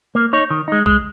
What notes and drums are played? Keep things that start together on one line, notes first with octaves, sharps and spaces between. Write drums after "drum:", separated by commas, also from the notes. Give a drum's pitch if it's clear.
A#3
D#4 C#5
D#3
G#3 D#4
G#3, drum: kick